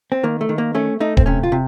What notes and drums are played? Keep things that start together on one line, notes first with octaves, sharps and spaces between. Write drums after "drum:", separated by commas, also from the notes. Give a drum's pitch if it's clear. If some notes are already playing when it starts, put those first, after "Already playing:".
C4
D#3 A#3
A3
D#3
A#3
A3 C#4
A3 D#4
C4, drum: kick D#1
C3 C#4
F4
C3